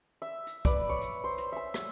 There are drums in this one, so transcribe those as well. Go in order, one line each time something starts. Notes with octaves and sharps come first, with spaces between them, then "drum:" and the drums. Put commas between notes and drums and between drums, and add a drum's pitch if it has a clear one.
E5
drum: hi-hat
B4 D5, drum: kick, hi-hat
C#5
drum: hi-hat
C5
drum: hi-hat
E5 E6
drum: rim click